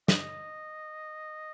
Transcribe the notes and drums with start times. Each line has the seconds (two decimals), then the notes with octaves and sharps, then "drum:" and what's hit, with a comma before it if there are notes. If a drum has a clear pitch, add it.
0.08 D#5, drum: snare